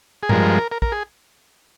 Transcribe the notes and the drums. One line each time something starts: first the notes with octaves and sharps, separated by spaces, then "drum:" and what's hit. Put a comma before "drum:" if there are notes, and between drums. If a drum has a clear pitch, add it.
G#4
G2 F3 G#3 A#4, drum: tom A2
A#4
A#4, drum: kick
G#4